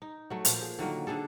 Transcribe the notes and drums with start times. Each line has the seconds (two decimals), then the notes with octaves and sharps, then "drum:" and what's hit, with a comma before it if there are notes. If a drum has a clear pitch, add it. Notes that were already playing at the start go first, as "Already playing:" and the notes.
0.02 D#4
0.30 F#3 A3
0.45 A#2 F3 C5, drum: hi-hat
0.61 G#4
0.79 D3 D#3 F#3 A#3
1.07 D3 D4 G#4 A4